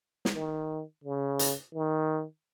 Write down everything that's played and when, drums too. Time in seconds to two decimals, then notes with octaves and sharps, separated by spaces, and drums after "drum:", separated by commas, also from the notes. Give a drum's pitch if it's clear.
0.25 drum: snare
0.34 D#3
1.04 C#3
1.39 drum: hi-hat
1.74 D#3